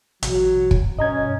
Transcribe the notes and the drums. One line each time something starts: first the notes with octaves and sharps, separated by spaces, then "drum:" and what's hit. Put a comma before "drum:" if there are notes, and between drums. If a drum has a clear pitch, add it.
A1 B2 F#3, drum: hi-hat
drum: kick
G2 C#4 D#5 A#5 G#6